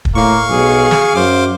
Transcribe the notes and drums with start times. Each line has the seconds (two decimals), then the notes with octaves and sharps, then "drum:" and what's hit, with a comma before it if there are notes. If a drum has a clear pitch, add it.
0.05 drum: kick
0.15 A2 A#3 F5 C#6
0.50 B1 G#4
0.91 drum: snare
1.15 F#2 C5 F5 D6